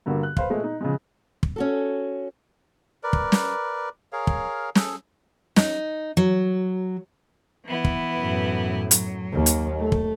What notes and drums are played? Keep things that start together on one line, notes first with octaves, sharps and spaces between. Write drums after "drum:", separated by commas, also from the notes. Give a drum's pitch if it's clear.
G2 D3 A#3 F#4
F#6
B4 C5 F5, drum: kick
A#2 G#3 A3
D#4
C#3 F3 G#3
drum: kick
C#4 F#4 A4
A#4 B4 D5
drum: kick
drum: snare
G#4 A#4 C#5 F5
drum: kick
G#4 A4, drum: snare
D#4, drum: snare
F#3
E3 B3 E4
drum: kick
F#2 A2
F#3, drum: hi-hat
D#2
drum: hi-hat
A3
drum: kick